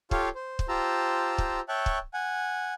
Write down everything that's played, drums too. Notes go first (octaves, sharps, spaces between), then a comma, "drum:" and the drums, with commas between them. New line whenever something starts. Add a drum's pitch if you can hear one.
F4 G4 A4 C#5 F5, drum: kick
C5
drum: kick
F4 G4 C5 A5 A#5 E6
drum: kick
C#5 E5 G5 A5 C#6 F#6
drum: kick
F#5 G#5